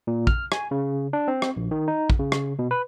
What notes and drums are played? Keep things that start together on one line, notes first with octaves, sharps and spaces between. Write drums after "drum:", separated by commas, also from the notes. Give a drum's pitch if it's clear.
A#2
F6, drum: kick
G#5, drum: rim click
C#3
D4
C4
drum: rim click
A#1
D#3
D#4
drum: kick
C#3
drum: rim click
B2
B4